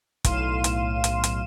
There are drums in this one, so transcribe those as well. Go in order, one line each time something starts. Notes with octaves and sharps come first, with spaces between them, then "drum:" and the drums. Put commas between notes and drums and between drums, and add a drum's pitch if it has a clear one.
B1 A2 F5 C6 D#7 E7, drum: kick, hi-hat
drum: hi-hat
drum: hi-hat
drum: hi-hat